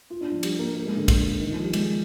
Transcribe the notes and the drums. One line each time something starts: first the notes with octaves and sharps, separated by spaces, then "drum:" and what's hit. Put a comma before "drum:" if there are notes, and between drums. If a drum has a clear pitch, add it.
F4
D4
F3
G3, drum: cymbal
A#3
A#3
G#3
D3
D3, drum: kick, cymbal
D#3
F3
G3
G#3, drum: cymbal